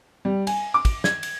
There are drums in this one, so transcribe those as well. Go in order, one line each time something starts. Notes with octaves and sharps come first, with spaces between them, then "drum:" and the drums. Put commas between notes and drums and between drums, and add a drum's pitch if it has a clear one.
G3
G#5, drum: cymbal
D6
drum: kick, cymbal
G#6, drum: snare
drum: cymbal